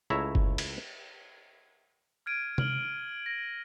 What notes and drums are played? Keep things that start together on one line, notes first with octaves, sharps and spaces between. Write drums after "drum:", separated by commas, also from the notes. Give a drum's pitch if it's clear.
C#2 A3 E4 C#5 E5 A#5
drum: kick F#1
drum: cymbal
F6 G#6 D7 D#7
F6 F#7 G7, drum: tom C3
A#6